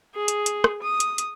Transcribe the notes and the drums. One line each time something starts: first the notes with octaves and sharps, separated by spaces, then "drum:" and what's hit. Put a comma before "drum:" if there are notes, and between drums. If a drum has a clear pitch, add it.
G#4
drum: hi-hat
drum: hi-hat
drum: rim click
D#6
drum: hi-hat
drum: hi-hat